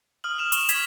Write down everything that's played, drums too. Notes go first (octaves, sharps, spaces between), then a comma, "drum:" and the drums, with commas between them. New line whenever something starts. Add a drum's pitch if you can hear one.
D#6 F6 F#7
F6 E7 F7
C#6 E7 G7, drum: hi-hat
C#6 G#6 B6 F#7, drum: hi-hat